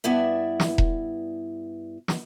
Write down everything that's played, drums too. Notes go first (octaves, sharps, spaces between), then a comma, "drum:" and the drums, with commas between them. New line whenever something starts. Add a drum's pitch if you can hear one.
G2 B3 E4 D5 E5
drum: snare
drum: kick E1
drum: snare